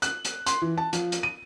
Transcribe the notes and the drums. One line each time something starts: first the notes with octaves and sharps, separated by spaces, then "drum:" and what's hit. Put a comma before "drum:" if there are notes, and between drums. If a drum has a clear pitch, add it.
F#6, drum: hi-hat
drum: hi-hat
C6, drum: hi-hat
E3
A5
F3, drum: hi-hat
drum: hi-hat
D#7